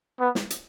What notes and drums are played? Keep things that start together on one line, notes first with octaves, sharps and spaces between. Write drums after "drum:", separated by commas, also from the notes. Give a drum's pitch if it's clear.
B3
drum: snare
drum: hi-hat